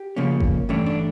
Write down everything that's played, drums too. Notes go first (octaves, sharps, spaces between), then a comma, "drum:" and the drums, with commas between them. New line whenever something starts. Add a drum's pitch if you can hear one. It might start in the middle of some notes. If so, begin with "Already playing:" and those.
Already playing: G4
C#3 F3 A#3 C#4
drum: kick G1
G2 E3 A3 C#4 D4
D4